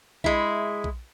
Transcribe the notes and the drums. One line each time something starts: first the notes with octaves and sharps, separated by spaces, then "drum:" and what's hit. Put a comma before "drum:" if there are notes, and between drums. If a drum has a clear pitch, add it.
G#3 E4, drum: kick A#1
drum: kick A#1